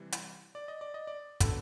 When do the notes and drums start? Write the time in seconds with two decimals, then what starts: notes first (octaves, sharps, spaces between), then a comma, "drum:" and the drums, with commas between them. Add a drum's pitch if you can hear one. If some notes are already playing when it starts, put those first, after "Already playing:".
Already playing: C3 E3 G3
0.12 drum: hi-hat
0.55 D5
0.68 D#5
0.81 D5
0.94 D#5
1.07 D5
1.40 D3 F#3 B3 D4 A4, drum: kick, hi-hat